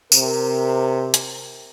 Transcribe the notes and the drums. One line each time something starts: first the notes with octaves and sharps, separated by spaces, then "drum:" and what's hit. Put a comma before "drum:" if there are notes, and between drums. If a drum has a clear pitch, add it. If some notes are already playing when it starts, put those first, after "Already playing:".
C3 A#4, drum: tambourine
drum: hi-hat